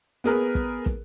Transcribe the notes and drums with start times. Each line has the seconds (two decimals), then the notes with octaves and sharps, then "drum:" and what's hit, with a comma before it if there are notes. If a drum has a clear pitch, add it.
0.24 B3 G#4 A#4 B4
0.55 drum: kick
0.86 drum: kick